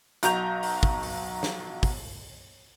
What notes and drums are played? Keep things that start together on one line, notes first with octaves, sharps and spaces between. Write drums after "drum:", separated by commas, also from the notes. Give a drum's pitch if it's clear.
B1 F#4 A#5 G6 F7, drum: hi-hat
drum: open hi-hat
drum: kick
drum: open hi-hat
drum: snare
drum: kick, open hi-hat